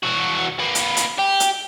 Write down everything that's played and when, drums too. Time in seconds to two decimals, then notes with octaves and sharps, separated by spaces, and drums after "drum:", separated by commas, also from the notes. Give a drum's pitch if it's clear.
0.03 E3 F#4
0.59 A#3 B4
0.75 drum: hi-hat
0.97 drum: hi-hat
1.18 G4
1.40 drum: hi-hat